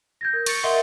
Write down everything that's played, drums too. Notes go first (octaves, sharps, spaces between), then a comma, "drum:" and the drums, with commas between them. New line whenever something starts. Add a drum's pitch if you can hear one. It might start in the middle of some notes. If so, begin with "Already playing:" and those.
G6 G#6 A#6
A#4
C#6 A6 C#7, drum: cymbal
A#4 D#5 E5 F#5 C6 G7